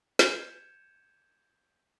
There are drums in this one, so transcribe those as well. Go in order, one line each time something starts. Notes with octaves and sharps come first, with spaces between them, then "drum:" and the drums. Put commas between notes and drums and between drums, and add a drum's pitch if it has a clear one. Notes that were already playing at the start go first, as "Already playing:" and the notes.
G6 G#6 C#7 D#7 E7, drum: snare